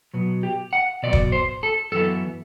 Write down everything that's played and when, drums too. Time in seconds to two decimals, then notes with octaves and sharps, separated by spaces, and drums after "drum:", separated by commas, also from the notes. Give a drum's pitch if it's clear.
0.14 B2 F#3 B3
0.43 G4
0.73 F#5
1.03 B2 F#3 B3 D5
1.13 drum: kick
1.32 C5
1.63 A4
1.92 F#2 E3 B3 E4 A4